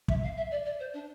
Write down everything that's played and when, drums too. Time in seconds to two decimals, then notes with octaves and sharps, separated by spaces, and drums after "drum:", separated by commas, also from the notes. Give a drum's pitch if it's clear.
0.08 E5, drum: kick
0.23 F5
0.36 E5
0.51 D5
0.65 D5
0.79 C5
0.93 D4